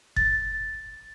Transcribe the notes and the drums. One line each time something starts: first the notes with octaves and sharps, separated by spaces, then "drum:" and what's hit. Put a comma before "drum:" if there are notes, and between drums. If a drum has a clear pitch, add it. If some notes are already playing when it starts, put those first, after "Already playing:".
A6, drum: kick F#1